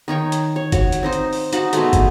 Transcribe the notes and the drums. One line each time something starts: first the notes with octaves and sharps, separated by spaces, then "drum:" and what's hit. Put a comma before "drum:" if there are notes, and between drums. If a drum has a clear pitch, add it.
D#3 D#4 C#5 G5
drum: hi-hat
C#5
F#4 C#5, drum: kick, hi-hat
drum: hi-hat
C4 D#4 C5
drum: hi-hat
drum: open hi-hat
D#4 F#4 F#5 A5, drum: hi-hat
B2 G#3 A3, drum: hi-hat
drum: kick, hi-hat